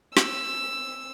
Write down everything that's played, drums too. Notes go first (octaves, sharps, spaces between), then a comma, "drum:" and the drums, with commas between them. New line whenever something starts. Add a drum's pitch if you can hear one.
E6, drum: snare